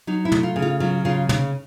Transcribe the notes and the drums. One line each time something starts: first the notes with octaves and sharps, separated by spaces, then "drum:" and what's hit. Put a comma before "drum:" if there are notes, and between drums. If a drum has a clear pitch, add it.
F#3 D#4
E4
A3, drum: tom
F4
C#3
F4
F#3 F4
C#3 F4
C#3, drum: tom